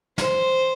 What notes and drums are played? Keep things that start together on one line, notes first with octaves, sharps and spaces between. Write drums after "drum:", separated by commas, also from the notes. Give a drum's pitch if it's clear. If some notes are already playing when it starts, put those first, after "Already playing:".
C5, drum: snare